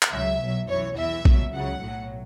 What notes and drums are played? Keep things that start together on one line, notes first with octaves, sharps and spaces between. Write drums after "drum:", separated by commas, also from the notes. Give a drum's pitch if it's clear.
drum: clap
C#2 C#3 F#3 E5
B1 B2 F#3
F#2 E3 C#5
E2 E3 E5
C#2 B2 F#3, drum: kick A#1
C#2 C#3 F#3 F#5
B1 A2 F#3